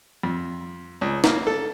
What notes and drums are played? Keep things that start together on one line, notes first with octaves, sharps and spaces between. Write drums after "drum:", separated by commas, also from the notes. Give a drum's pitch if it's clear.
F2
C#2
A#3, drum: snare
A4